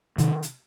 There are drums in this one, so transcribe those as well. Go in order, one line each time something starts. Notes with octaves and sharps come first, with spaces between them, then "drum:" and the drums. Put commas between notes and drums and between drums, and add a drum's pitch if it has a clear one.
C3 D#3, drum: hi-hat
drum: hi-hat